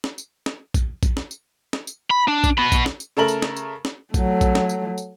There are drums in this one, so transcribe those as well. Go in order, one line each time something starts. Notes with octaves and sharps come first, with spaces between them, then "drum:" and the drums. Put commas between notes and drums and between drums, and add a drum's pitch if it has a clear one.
drum: snare
drum: tambourine
drum: snare
drum: kick A#1, tambourine
drum: kick A#1, tambourine
drum: snare
drum: tambourine
drum: snare
drum: tambourine
B5
D4
drum: kick A#1, tambourine
F#4 B5
drum: kick A#1, tambourine
drum: snare
drum: tambourine
C#3 A3 A4 A#4 F#7
drum: tambourine
drum: snare
drum: tambourine
drum: snare
F#3 A3, drum: kick A#1, tambourine
drum: kick A#1, tambourine
drum: snare
drum: tambourine
drum: tambourine